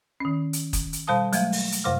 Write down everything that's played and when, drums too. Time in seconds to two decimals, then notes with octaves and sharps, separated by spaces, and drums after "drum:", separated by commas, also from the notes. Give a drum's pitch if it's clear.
0.20 D#3 C#4
0.53 drum: hi-hat
0.73 drum: kick F#1, hi-hat
0.93 drum: hi-hat
1.07 B2 G3 C5 F5 A5 D#6
1.33 F#3 G#3 A3 E5 F5, drum: hi-hat
1.52 drum: open hi-hat
1.72 drum: hi-hat
1.84 F#2 C3 C5 F5 D6 F6